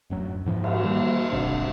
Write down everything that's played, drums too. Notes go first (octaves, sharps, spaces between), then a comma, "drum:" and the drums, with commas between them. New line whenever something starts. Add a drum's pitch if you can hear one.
D1 F#2 F#3
G#2 E3 F3
drum: cymbal
A#2 D#3 G3 A#3
D#1 G#1 C3 D4